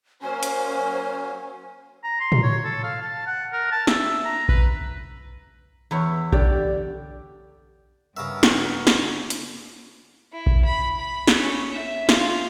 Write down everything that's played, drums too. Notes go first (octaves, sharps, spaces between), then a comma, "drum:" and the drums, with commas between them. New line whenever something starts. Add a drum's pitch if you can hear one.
F#3 A#3 C#4 C5 G#5
drum: hi-hat
A#5
C6
drum: tom A2
C#5
A4
F5
A5
F#5
A#4
A5
E5, drum: snare
A#5
B4, drum: kick A#1
E2 E4 C#5
D3 G4 D5, drum: kick A#1
G2 C#3 B3 C#4 A#4 E5
drum: snare
drum: snare
drum: hi-hat
E4
drum: kick A#1
B5
B5
drum: snare
C#4
E5
F4, drum: snare